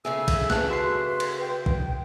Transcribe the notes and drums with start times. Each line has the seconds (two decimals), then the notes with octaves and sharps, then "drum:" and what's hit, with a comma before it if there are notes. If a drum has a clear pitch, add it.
0.05 C#3 A3 G#4 E5 E6
0.28 drum: kick, cymbal
0.50 B4 A5 F#6, drum: snare
0.70 F#4 C6 C7
1.20 drum: cymbal
1.40 G5
1.66 drum: kick